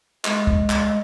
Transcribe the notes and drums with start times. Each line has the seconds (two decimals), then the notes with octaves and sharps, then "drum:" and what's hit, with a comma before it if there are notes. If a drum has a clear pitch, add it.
0.25 G#3, drum: clap
0.47 drum: kick
0.70 drum: clap